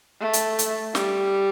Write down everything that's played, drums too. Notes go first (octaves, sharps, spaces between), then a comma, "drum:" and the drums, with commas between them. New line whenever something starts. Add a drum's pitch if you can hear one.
A3
drum: hi-hat
drum: hi-hat
G3, drum: snare